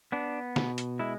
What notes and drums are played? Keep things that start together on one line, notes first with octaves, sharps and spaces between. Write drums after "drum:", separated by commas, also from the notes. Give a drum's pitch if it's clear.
B3 D4
B2, drum: snare
drum: hi-hat
G#3 E4